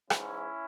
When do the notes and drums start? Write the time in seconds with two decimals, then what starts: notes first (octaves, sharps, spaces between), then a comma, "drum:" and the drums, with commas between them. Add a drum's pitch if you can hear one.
0.10 G#2 E3 C#4 E4, drum: rim click